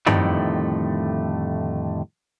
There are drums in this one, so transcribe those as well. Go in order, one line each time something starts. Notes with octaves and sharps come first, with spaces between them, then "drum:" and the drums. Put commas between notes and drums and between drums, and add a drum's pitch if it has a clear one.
F2 A2 D3 D#3 G3 A3, drum: tom